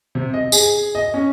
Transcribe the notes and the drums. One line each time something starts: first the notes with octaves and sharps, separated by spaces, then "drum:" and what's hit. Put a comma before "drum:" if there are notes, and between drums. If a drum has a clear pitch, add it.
C3
D#5
G#4, drum: tambourine
D#5
C#4